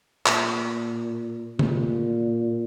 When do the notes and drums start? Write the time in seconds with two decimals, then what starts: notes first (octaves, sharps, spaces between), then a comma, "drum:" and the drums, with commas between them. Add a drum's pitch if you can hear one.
0.26 A#2, drum: clap
1.59 A#2, drum: tom C3